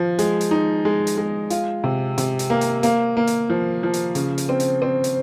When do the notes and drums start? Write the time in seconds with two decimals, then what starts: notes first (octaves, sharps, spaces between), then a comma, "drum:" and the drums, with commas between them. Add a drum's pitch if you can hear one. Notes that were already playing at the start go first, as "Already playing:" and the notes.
Already playing: F3
0.19 G#3, drum: hi-hat
0.41 drum: hi-hat
0.51 D#4
0.85 G#3
1.07 drum: hi-hat
1.18 G#3
1.50 F4, drum: hi-hat
1.84 C3
2.18 C3, drum: hi-hat
2.39 drum: hi-hat
2.50 A#3
2.61 drum: hi-hat
2.83 A#3, drum: hi-hat
3.17 A#3
3.27 drum: hi-hat
3.50 F3
3.83 F3
3.94 drum: hi-hat
4.15 C#3, drum: hi-hat
4.38 drum: hi-hat
4.49 C4
4.60 drum: hi-hat
4.82 C4
5.04 drum: hi-hat